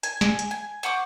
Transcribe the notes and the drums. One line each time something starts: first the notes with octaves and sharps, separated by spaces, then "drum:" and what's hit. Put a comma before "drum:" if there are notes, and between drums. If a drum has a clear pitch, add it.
G#5, drum: hi-hat
drum: snare
drum: hi-hat
G#5
C5 F#5 C#6 D6